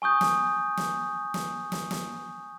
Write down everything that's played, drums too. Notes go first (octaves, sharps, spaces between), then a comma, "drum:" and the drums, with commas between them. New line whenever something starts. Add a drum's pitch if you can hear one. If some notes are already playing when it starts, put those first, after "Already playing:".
G#5 C#6 D#6 G6
drum: snare
drum: snare
drum: snare
drum: snare
drum: snare